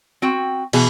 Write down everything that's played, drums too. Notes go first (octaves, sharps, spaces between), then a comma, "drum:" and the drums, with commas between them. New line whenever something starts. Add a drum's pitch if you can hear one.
C4 F#4 G5
B2 E3 G#4, drum: cymbal